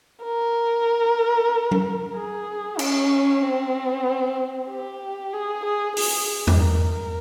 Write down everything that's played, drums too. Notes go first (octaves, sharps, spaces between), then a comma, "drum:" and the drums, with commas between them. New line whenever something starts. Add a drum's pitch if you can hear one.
A#4
drum: tom F#3
G#4
C#4, drum: cymbal
C4
G4
G#4
G#4
G#4, drum: open hi-hat
G#4
drum: tom E2
A#4